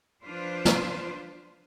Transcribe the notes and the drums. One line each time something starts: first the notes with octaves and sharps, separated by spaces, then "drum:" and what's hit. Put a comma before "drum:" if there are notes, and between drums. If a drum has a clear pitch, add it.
F3 D4 F4 B4 C5
drum: snare